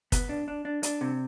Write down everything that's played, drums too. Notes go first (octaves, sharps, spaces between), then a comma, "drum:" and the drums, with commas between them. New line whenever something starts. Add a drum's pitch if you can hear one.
B3, drum: kick, hi-hat
D4
D4
D4
D4, drum: hi-hat
C3